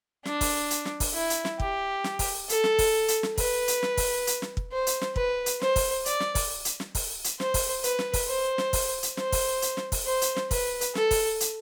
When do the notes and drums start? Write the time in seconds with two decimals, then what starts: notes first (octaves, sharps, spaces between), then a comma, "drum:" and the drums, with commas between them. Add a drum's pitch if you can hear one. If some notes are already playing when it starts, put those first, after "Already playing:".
0.25 D4, drum: snare
0.41 drum: kick, open hi-hat
0.70 drum: hi-hat
0.85 drum: snare
1.00 drum: kick, open hi-hat
1.15 E4
1.30 drum: hi-hat
1.45 drum: snare
1.60 G4, drum: kick
2.04 drum: snare
2.19 drum: kick, open hi-hat
2.49 A4, drum: hi-hat
2.64 drum: snare
2.79 drum: kick, open hi-hat
3.08 drum: hi-hat
3.23 drum: snare
3.38 B4, drum: kick, open hi-hat
3.68 drum: hi-hat
3.83 drum: snare
3.97 drum: kick, open hi-hat
4.27 drum: hi-hat
4.42 drum: snare
4.57 drum: kick
4.72 C5
4.87 drum: hi-hat
5.01 drum: snare
5.16 B4, drum: kick
5.46 drum: hi-hat
5.61 C5, drum: snare
5.76 drum: kick, open hi-hat
6.06 D5, drum: hi-hat
6.20 drum: snare
6.35 drum: kick, open hi-hat
6.65 drum: hi-hat
6.80 drum: snare
6.95 drum: kick, open hi-hat
7.24 drum: hi-hat
7.40 C5, drum: snare
7.54 drum: kick, open hi-hat
7.84 B4, drum: hi-hat
7.99 drum: snare
8.13 drum: kick, open hi-hat
8.28 C5
8.58 drum: snare
8.73 drum: kick, open hi-hat
9.03 drum: hi-hat
9.17 C5, drum: snare
9.32 drum: kick, open hi-hat
9.62 drum: hi-hat
9.77 drum: snare
9.92 drum: kick, open hi-hat
10.06 C5
10.22 drum: hi-hat
10.36 drum: snare
10.51 B4, drum: kick, open hi-hat
10.81 drum: hi-hat
10.95 A4, drum: snare
11.11 drum: kick, open hi-hat
11.40 drum: hi-hat